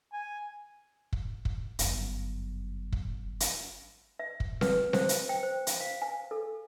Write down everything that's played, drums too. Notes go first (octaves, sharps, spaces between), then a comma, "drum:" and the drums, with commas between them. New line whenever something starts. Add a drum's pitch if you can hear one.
G#5
drum: kick
drum: kick
G1 F#2, drum: hi-hat
drum: kick
drum: hi-hat
E5
drum: kick
B4, drum: snare C4
C5, drum: snare C4
drum: hi-hat
G5
C5
drum: hi-hat
F5
G#5
A4